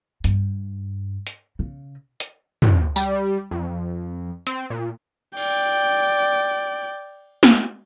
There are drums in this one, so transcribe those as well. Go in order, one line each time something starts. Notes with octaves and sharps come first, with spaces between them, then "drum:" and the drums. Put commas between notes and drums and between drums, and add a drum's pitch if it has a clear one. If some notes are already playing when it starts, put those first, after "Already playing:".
G2, drum: hi-hat
drum: hi-hat
C#3
drum: hi-hat
drum: tom
G3, drum: tambourine
F2
C4, drum: hi-hat
A#2
D5 G5, drum: cymbal
drum: snare